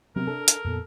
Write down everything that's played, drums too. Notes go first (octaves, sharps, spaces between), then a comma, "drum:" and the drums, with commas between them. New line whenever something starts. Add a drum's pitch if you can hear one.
C3 F#3 B3 A#4
D4 A4
drum: hi-hat
F2 A#2 B3